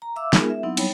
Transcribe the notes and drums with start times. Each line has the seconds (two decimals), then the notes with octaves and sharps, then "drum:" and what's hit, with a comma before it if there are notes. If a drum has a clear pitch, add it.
0.02 A#5
0.16 E5 F5 D6 E6
0.33 G#3 B3 D#4 F4 G#4 A#4, drum: snare
0.50 E5
0.63 F#3 B3 C4 D#4 E4
0.77 G3 D#4 C#5 A5 B5, drum: cymbal